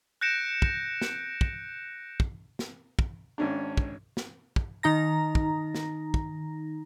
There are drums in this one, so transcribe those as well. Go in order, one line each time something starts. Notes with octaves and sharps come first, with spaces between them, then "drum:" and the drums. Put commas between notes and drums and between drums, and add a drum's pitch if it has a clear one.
F#6 G6 A#6 C#7 D7 E7
drum: kick
drum: snare
drum: kick
drum: kick
drum: snare
drum: kick
G#1 C#4 D4
drum: kick
drum: snare
drum: kick
D#3 D#4 A#5 A#6
drum: kick
drum: snare
drum: kick